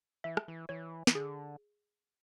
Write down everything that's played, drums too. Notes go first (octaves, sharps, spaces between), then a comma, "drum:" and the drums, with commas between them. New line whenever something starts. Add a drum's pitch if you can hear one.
E3 E5
drum: rim click
E3
E3 C#5
E3, drum: snare
D3 G#4